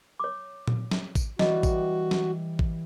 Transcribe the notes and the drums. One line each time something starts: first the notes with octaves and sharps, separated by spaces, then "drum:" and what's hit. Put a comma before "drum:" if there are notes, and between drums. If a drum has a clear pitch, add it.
C#5 D6
drum: tom A#2
drum: snare
drum: kick A1, tambourine
E3 G3 F#4 C#5 D#5, drum: snare
drum: kick A1, tambourine
drum: snare
drum: kick A1